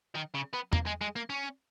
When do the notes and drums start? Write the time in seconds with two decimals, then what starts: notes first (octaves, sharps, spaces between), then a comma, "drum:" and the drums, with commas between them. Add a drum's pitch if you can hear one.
0.15 D#3
0.35 C#3
0.54 B3
0.73 A#3, drum: tom E2
0.87 G#3
1.01 G#3
1.16 A#3
1.30 C#4